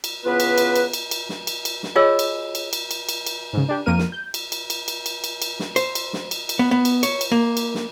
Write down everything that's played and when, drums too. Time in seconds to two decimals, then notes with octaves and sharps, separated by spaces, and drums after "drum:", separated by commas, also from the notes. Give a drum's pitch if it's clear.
0.04 drum: cymbal
0.25 C#3 E3 B3 F4 B4
0.40 drum: cymbal
0.58 drum: cymbal
0.76 drum: cymbal
0.93 drum: cymbal
1.11 drum: cymbal
1.29 drum: snare
1.47 drum: cymbal
1.65 drum: cymbal
1.83 drum: snare
1.96 F4 G#4 C#5 D#5 G#5 E6
2.19 drum: cymbal
2.55 drum: cymbal
2.73 drum: cymbal
2.91 drum: cymbal
3.09 drum: cymbal
3.26 drum: cymbal
3.53 G#2 C#3
3.69 D4 G4
3.86 F2 F3 A#3 A#4 F6 D#7
3.98 drum: snare
4.12 G6
4.34 drum: cymbal
4.52 drum: cymbal
4.70 drum: cymbal
4.88 drum: cymbal
5.06 drum: cymbal
5.24 drum: cymbal
5.42 drum: cymbal
5.60 drum: snare
5.76 C5, drum: cymbal
5.95 drum: cymbal
6.13 drum: snare
6.31 drum: cymbal
6.49 drum: cymbal
6.59 B3
6.71 B3
6.85 drum: cymbal
7.03 C#5, drum: cymbal
7.21 drum: cymbal
7.32 A#3
7.57 drum: cymbal
7.75 drum: snare